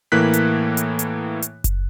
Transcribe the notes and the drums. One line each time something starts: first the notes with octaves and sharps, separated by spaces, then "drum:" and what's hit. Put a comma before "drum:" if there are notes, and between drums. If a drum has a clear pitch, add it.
A2 E3 A#3 F#6 B6
drum: hi-hat
drum: hi-hat
drum: hi-hat
drum: hi-hat
drum: kick F#1, hi-hat